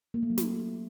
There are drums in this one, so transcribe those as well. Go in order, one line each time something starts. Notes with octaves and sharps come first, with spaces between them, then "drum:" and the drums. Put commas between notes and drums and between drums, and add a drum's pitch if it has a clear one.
A#3
A3
F#3
A3, drum: snare